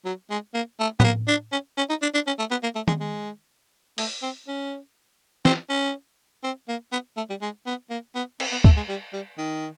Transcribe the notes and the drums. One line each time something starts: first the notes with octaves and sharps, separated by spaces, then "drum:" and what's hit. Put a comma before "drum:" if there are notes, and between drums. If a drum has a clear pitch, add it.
F#3
G#3
A#3
A3
B3, drum: tom A2
A#3
D4
C#4
C#4
D#4
D4
D4
C#4
A3
B3
A#3
A3
G#3, drum: tom
G#3
A3, drum: open hi-hat
C4
C#4
C4, drum: snare
C#4
C4
A#3
B3
A3
G3
G#3
B3
A#3
B3
C4, drum: cymbal
B3
A3, drum: kick D2
G#3
G3
G3
D#3